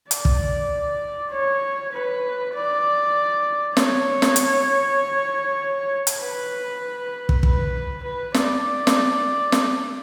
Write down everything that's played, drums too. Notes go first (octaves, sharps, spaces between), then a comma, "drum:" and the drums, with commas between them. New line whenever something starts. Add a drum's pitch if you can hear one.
D5, drum: hi-hat
drum: kick
C#5
B4
D5
C#5, drum: snare
drum: snare
drum: hi-hat
drum: hi-hat
B4
drum: kick
B4, drum: kick
B4
D5, drum: snare
D5
drum: snare
drum: snare